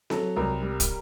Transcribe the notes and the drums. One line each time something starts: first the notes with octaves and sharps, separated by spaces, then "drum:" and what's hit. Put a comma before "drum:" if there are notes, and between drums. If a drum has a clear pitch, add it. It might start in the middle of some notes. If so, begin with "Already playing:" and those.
F#3 A4, drum: snare C4
C2 A#4
G3
drum: kick, hi-hat